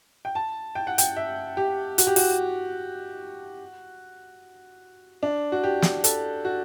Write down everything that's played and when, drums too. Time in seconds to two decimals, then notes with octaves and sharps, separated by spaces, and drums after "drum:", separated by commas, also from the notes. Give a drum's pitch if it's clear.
0.25 G5
0.35 A5
0.75 G5
0.87 F#5
0.98 G5, drum: hi-hat
1.16 E5
1.57 G4
1.98 F#4, drum: hi-hat
2.07 G4
2.16 F#4, drum: open hi-hat
5.23 D4
5.52 F#4
5.63 G4
5.82 drum: snare
6.04 A4, drum: hi-hat
6.45 F#4